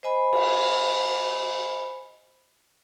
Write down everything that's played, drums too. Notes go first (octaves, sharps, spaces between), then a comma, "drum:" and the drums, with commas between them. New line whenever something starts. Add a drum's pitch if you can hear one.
C5 D#5 G#5 B5
drum: cymbal